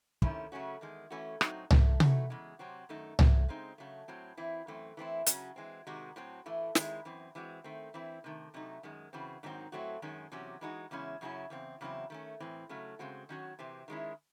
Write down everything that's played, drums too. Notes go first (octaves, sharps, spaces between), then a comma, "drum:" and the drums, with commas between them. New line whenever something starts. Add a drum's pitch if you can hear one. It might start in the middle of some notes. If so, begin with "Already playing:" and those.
C3 D#3 A3 C#4 E4, drum: kick
C#3 F#3 A3 C#4 F#4
E2 D#3 G#3
E3 A3 C#4 F#4
A2 F#3 C4 D#4 F#4, drum: rim click
G#2 F#3 A3, drum: tom C2
E3 A3 D#4 F#4, drum: tom C3
E2 C#3 G#3
C3 F#3 C4 F#4
F#2 D#3 A3 D#4
G#2 F#3 A3, drum: tom C2
C#3 G#3 C4 D#4
C#3 F#3 A3
A2 F#3 C4
E3 C4 E4
F#2 E3 A3 C4
E3 A3 C4 E4
C#3 F#3 C#4 F#4, drum: hi-hat
E3 G#3 C4
C3 D#3 G#3 D#4 F#4
A2 F#3 C4
A2 E3 A3
D#3 G#3 C4 E4, drum: snare
F#2 E3 C4
E3 G#3 C4 F#4
D#3 A3 C4
E3 C4 E4
C3 D#3 A3
C3 F#3 A3 D#4
F#2 D#3 G#3
C#3 E3 C4 F#4
G#2 D#3 F#3 C4 D#4
A2 F#3 A3 C4 F#4
F#2 D#3 G#3 C#4
E2 C3 F#3 C#4
E3 G#3 D#4 F#4
E2 C#3 G#3 C#4 E4
F#2 C#3 F#3 C#4 E4
E2 C#3 C4
E2 C#3 F#3 C4 E4
D#3 A3 C#4
A2 E3 C4
C#3 F#3 A3 C#4
C#3 G#3 C4 F#4
D#3 F#3 C#4 F#4
C3 E3 C4
D#3 G#3 C#4 E4